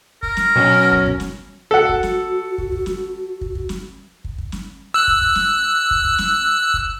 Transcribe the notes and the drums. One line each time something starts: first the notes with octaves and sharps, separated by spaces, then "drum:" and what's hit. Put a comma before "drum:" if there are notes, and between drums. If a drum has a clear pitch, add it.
A#4, drum: kick
drum: snare
B2 F#3 C#4
drum: kick
drum: kick
drum: snare
F#4 A4 F#5
drum: kick
drum: snare
drum: kick
drum: kick
drum: snare
drum: kick
drum: kick
drum: snare
drum: kick
drum: kick
drum: snare
E6 F#6
drum: kick
drum: kick
drum: snare
drum: kick
drum: kick
drum: snare
drum: kick